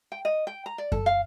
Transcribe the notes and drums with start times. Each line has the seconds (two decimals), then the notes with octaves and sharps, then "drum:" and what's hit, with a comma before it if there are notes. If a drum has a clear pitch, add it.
0.12 G5
0.25 D#5
0.47 G5
0.66 A#5
0.78 D5
0.92 A4, drum: kick F#2
1.06 F5